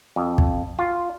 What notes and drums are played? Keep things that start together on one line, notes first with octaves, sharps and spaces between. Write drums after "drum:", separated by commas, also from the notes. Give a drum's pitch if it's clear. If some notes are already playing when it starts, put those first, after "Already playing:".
F2
drum: kick
F4